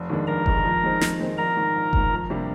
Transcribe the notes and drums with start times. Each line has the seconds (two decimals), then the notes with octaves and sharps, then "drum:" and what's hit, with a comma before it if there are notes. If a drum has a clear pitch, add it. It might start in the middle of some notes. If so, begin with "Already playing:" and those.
Already playing: F1
0.10 D#2 D#3 G#3 D4
0.27 F1 A#4 A#5
0.46 D#2 D#3 G#3 D4, drum: kick F#1
0.64 F2
0.83 D#3 G#3 C4 D#4
1.01 F2, drum: snare
1.19 D#3 G#3 C4 D#4
1.38 A#1 A#4 A#5
1.56 G#2 D#3
1.75 A#1
1.93 G#2 D#3, drum: kick F#1
2.11 F2
2.30 C3 G3 A#3 D4